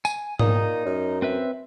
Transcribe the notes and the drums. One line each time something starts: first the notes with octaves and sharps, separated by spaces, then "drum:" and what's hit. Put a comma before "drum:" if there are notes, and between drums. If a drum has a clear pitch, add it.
G#5, drum: tambourine
A#2 D#4 D#6, drum: tom G#2
F#2
C4 B4 E5